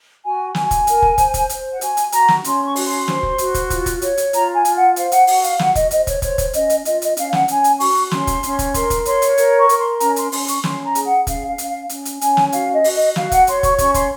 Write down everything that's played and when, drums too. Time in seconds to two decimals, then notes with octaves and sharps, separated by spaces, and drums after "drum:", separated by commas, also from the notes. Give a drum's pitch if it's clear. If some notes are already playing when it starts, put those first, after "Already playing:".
0.24 F#4 G#5
0.55 F#4 G#5, drum: snare
0.71 drum: kick, hi-hat
0.87 A#4, drum: hi-hat
1.02 drum: kick
1.18 C5, drum: kick, hi-hat
1.34 drum: kick, hi-hat
1.49 C5, drum: hi-hat
1.71 F#5
1.81 F#4 G#5, drum: hi-hat
1.97 drum: hi-hat
2.12 F#4 A#5, drum: hi-hat
2.28 drum: snare
2.44 C#4 C6, drum: hi-hat
2.66 C#6
2.76 F#4, drum: open hi-hat
2.86 C6
3.08 C5, drum: snare
3.23 drum: kick
3.38 F#4, drum: hi-hat
3.54 drum: kick, hi-hat
3.70 F4, drum: kick, hi-hat
3.86 drum: kick, hi-hat
4.02 C#5, drum: hi-hat
4.17 drum: hi-hat
4.33 F4 A#5, drum: hi-hat
4.54 G#5
4.65 F4, drum: hi-hat
4.75 F#5
4.96 C5 F5, drum: hi-hat
5.12 F#5, drum: hi-hat
5.27 F#4 F#5, drum: open hi-hat
5.44 F5, drum: hi-hat
5.59 F#4 F#5, drum: snare
5.75 D#5, drum: kick, hi-hat
5.91 C5 D#5, drum: hi-hat
6.07 C#5, drum: kick, hi-hat
6.22 C5 C#5, drum: kick, hi-hat
6.38 drum: kick, hi-hat
6.53 C#4 D#5, drum: hi-hat
6.70 drum: hi-hat
6.85 F4 D#5, drum: hi-hat
7.02 D#5, drum: hi-hat
7.17 C#4 F5, drum: hi-hat
7.33 F#5, drum: snare
7.48 C#4 G#5, drum: hi-hat
7.64 drum: hi-hat
7.80 F#4 C#6, drum: open hi-hat
8.11 C#4 C6, drum: snare
8.27 drum: kick, hi-hat
8.43 C#4, drum: hi-hat
8.59 drum: kick, hi-hat
8.74 A#4 C6, drum: kick, hi-hat
8.90 drum: kick, hi-hat
9.05 C#5 C6, drum: hi-hat
9.22 drum: hi-hat
9.38 A#4, drum: hi-hat
9.59 C#6
9.69 A#4, drum: hi-hat
9.80 C6
10.00 C#4 A#5, drum: hi-hat
10.16 C6, drum: hi-hat
10.32 C#4 C6, drum: open hi-hat
10.48 C#6, drum: hi-hat
10.64 C#4 C6, drum: snare
10.85 A#5
10.95 G#4, drum: hi-hat
11.06 F#5
11.27 C#4 F5, drum: kick, hi-hat
11.48 F5
11.58 C#4, drum: hi-hat
11.69 F5
11.89 C#4, drum: hi-hat
12.05 drum: hi-hat
12.21 C#4 G#5, drum: hi-hat
12.37 drum: snare
12.52 F#4 F5, drum: hi-hat
12.73 D#5
12.84 F#4, drum: open hi-hat
12.94 D#5
13.16 F#4 F5, drum: snare
13.32 F#5, drum: kick, hi-hat
13.47 C#5 C6, drum: hi-hat
13.63 C#6, drum: kick, hi-hat
13.78 C#4 C#6, drum: kick, hi-hat
13.94 C6, drum: kick, hi-hat